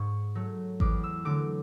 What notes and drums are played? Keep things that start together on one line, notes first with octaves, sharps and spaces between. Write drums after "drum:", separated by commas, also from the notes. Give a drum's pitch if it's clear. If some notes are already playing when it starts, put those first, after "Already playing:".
Already playing: G#2 C#6
F#3 A3
E2 D6, drum: kick G#1
E6
D3 F#3 A3 D6